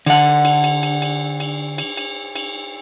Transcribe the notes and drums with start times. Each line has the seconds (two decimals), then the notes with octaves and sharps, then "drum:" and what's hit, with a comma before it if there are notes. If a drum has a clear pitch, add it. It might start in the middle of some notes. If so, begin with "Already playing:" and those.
0.06 D3 F#5, drum: cymbal
0.45 drum: cymbal
0.64 drum: cymbal
0.83 drum: cymbal
1.02 drum: cymbal
1.40 drum: cymbal
1.78 drum: cymbal
1.97 drum: cymbal
2.36 drum: cymbal